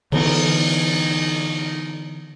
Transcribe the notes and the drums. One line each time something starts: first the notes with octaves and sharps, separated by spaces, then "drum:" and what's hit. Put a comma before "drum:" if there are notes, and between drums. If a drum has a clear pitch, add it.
D3 E3 B3 D#4, drum: cymbal